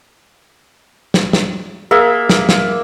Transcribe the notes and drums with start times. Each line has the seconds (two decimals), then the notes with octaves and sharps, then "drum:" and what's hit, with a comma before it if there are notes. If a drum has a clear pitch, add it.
1.14 drum: snare
1.33 drum: snare
1.91 A#3 G#4 E5
2.29 drum: snare
2.49 drum: snare